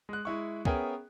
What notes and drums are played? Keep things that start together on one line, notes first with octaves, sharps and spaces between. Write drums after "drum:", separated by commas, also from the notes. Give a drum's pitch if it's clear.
G#3 F#6
G#3 E4 C#6
B3 C#4 G#4 A#4 E5 G5, drum: kick